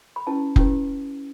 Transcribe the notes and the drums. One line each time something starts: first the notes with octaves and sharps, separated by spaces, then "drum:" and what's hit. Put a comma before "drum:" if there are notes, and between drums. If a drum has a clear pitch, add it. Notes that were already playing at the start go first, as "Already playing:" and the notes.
B5
C#4 E4 G4 B4 A5
C#4 E4 G4 B4, drum: kick F1